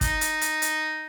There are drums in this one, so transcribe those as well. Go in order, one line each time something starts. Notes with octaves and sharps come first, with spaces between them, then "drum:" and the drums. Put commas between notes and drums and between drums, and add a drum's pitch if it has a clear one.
D#4, drum: kick, hi-hat
drum: hi-hat
drum: hi-hat
drum: hi-hat